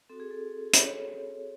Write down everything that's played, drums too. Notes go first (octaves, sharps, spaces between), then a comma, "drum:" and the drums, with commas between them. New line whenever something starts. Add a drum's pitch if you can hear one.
C4 F#4 A4
G#4
A4
C#5, drum: hi-hat